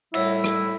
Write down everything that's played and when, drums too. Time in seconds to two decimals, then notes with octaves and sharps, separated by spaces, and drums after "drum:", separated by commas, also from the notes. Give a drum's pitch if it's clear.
0.14 A2 G3 E4, drum: cymbal
0.44 drum: rim click